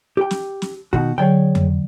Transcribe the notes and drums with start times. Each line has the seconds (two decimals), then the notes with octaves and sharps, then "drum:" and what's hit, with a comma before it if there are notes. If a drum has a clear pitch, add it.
0.17 G4 G5
0.31 drum: snare
0.62 drum: snare
0.93 B2 D#3 F#4, drum: kick
1.18 D3 F#3 G#4 C#5 G5
1.55 drum: tom F2